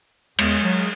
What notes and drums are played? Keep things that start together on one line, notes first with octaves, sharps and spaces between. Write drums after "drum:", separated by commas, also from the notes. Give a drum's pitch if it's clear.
E2 G#3, drum: cymbal
F#3